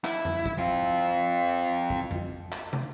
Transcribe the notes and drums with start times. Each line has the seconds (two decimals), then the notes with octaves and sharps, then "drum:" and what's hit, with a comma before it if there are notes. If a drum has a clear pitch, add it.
0.04 E4, drum: clap
0.25 drum: tom F2
0.46 drum: kick
0.58 C4 F4
1.90 drum: kick
2.11 drum: tom F2
2.52 drum: clap
2.73 drum: tom